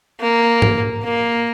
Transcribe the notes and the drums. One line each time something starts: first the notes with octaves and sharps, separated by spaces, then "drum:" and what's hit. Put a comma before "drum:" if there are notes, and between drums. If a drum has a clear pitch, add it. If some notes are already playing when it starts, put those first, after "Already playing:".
A#3
drum: tom G#2
A#3